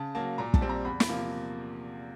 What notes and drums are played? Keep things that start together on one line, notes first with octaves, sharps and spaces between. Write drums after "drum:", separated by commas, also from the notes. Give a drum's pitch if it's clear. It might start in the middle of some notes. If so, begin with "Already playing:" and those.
Already playing: C#3 A5
F#3 A#3 A5
A#2 A#5
A5, drum: kick
G3 C4
A#5
E2 B5
B5, drum: snare
C3 F3 A#3